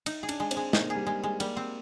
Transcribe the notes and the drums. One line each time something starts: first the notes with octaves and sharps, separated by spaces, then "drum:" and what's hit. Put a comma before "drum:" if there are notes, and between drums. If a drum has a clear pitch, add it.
D#4, drum: cymbal
G#4
D4, drum: cymbal
G#3
C4, drum: cymbal
G#3
A#3 D#4, drum: snare
G#4
G3
G#3
G#3
G3 A#3, drum: cymbal
C4